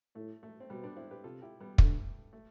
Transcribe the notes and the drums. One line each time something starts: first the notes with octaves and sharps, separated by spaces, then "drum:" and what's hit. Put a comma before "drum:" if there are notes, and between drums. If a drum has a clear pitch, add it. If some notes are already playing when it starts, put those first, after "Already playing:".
A2 A3
A3
C4
B2 G3 B3
B3 D4
C4 E4
G4 B4
C3 F4 A4
E4 G4
G3 B3
D3 A3, drum: kick
A3